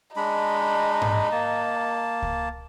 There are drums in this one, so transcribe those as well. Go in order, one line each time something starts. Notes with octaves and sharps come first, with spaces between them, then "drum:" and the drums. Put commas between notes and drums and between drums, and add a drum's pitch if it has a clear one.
G#3 D4 D#4 B5
drum: tom G#2
A#3 A5
drum: kick C#2